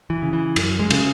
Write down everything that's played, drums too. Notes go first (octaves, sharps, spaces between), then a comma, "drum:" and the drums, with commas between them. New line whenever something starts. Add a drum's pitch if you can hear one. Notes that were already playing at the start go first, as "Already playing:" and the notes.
E3
C#3
E3
F#2, drum: cymbal
G#3
C#3, drum: cymbal